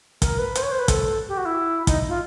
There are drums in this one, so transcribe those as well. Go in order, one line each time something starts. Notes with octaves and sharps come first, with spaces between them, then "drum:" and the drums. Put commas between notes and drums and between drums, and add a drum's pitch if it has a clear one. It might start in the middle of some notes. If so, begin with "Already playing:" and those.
A#4, drum: kick, hi-hat
B4
C5, drum: hi-hat
C#5
C5
B4
A4, drum: kick, hi-hat
G4
F#4
E4
D#4, drum: kick, hi-hat
F4